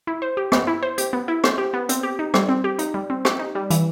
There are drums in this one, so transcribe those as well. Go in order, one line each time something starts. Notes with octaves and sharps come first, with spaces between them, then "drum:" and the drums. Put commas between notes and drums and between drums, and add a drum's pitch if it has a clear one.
E4
C5
G4
B3, drum: rim click
E4
C5
G4, drum: hi-hat
B3
E4
C5, drum: rim click
G4
B3
C4, drum: hi-hat
G4
D#4
G3, drum: rim click
C4
G4
D#4, drum: hi-hat
G3
C4
G4, drum: rim click
D#4
G3
E3, drum: hi-hat